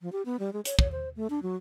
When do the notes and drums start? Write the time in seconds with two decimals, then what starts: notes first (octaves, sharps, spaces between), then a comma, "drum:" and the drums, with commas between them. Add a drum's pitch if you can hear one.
0.01 F3
0.12 G4
0.26 B3
0.39 G3
0.53 G#3
0.65 C#5, drum: hi-hat
0.79 C#5, drum: kick
0.92 C5
1.16 A3
1.30 D4
1.43 F#3